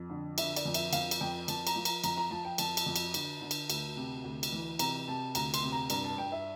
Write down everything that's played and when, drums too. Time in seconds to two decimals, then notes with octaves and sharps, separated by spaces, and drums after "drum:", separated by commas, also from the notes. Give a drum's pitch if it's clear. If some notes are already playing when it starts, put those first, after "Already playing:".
Already playing: F2
0.10 D3
0.38 D3 E5, drum: cymbal
0.56 D5, drum: cymbal
0.65 F2
0.74 E5, drum: cymbal
0.93 F2 F5, drum: cymbal
1.11 drum: cymbal
1.21 F2 G5
1.48 F2 A5, drum: cymbal
1.67 A#5, drum: cymbal
1.76 F3
1.85 A#5, drum: cymbal
2.04 F2 A#5, drum: cymbal
2.17 A#5
2.31 F3 A5
2.45 G5
2.58 F2 A5, drum: cymbal
2.77 drum: cymbal
2.86 F2
2.96 drum: cymbal
3.14 D3, drum: cymbal
3.41 D3
3.51 drum: cymbal
3.70 D2, drum: cymbal
3.97 C3
4.24 D2
4.43 drum: cymbal
4.52 E3
4.79 C3 A#5, drum: cymbal
5.08 C3 A5
5.35 D2 A#5, drum: cymbal
5.54 C6, drum: cymbal
5.63 C3
5.72 A#5
5.90 G2 A#5, drum: cymbal
6.04 A5
6.18 G2 G5
6.32 E5